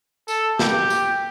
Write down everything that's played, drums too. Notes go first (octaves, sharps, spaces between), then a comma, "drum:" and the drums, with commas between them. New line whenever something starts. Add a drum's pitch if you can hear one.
A4, drum: tambourine
G4, drum: snare
drum: tambourine